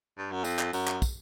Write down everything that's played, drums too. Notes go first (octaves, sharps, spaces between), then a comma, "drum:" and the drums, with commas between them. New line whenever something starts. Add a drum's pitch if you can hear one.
G2
F#2
F2, drum: tambourine
drum: clap
F#2, drum: tambourine
drum: clap
drum: kick, tambourine